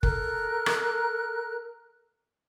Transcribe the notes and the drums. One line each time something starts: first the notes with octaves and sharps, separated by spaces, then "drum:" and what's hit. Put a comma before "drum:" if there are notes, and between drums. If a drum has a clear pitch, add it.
A4 A#4 A#5 F#6, drum: kick F#1
drum: rim click